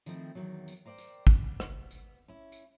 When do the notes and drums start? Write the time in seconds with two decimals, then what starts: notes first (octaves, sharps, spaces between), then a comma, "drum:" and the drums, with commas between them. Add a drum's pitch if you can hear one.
0.06 D#3 F3 A3 C4 D#4 E4, drum: tambourine
0.35 E2 G2 D#3 E3 F#3
0.68 drum: tambourine
0.85 A#4 C5 D5 E5 G5
0.99 drum: tambourine
1.27 B3, drum: kick, tambourine
1.60 drum: rim click
1.91 drum: tambourine
2.28 C#4 E4
2.52 drum: tambourine